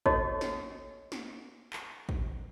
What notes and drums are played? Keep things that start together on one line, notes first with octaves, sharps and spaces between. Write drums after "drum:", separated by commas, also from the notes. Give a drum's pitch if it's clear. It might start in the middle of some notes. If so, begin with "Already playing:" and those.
F#4 G4 A4 C#5 D#5 A5, drum: kick
drum: snare
drum: snare
drum: clap
drum: kick